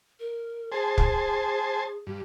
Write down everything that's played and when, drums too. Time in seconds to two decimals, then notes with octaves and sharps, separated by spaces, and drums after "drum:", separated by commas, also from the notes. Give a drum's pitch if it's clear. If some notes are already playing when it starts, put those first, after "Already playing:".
0.20 A#4
0.72 G#4 C5 G#5 A5
0.98 drum: kick
2.07 G2